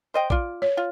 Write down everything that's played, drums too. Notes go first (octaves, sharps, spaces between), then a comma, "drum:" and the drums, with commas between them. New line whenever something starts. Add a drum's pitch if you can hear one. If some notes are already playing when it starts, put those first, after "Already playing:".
C5 D#5 G5
F4 D5, drum: kick A#1
C#5
F4